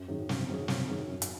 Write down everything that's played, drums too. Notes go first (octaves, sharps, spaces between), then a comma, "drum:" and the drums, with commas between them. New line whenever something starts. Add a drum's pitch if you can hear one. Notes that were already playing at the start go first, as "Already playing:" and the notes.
Already playing: F#2
D#3 F#3 C#4 G#4
F#2, drum: snare
D#3 F#3 C#4 G#4
F#2, drum: snare
D#3 F#3 C#4 G#4
F#2
drum: hi-hat